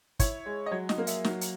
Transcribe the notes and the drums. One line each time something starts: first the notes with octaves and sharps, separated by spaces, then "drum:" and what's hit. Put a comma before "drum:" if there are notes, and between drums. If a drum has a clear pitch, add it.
E4 C#5, drum: kick, hi-hat
G#3
D#5
F#3 C#5
D#5, drum: snare
A#3
E5, drum: hi-hat
F#3, drum: snare
drum: hi-hat